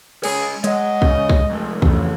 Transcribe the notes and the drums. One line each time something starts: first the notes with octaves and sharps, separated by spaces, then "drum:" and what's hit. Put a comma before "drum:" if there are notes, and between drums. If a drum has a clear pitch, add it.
G#3 G#4 C#5, drum: cymbal
G#3 C#5 D#5 F#5, drum: hi-hat
C#3, drum: kick C2
drum: kick C2
F3 A3
F2 C#3 E3 A3, drum: kick C2